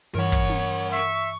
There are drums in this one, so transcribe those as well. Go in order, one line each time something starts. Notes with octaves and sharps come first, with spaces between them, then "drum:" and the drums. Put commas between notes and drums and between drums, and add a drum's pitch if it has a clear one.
G2 E3 A#4 C#5 F#5
drum: kick
drum: snare
E5 C#6